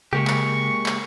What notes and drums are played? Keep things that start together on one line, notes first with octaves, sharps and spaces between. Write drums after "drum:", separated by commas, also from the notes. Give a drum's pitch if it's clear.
C#3 G#3 A#3 G4 C#6
drum: clap
drum: clap